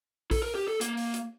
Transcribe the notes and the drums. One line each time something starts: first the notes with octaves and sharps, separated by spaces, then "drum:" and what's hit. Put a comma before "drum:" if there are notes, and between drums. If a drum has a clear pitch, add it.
A4, drum: kick A#1, open hi-hat
A#4
G4
A4
A#3, drum: hi-hat
drum: open hi-hat
drum: hi-hat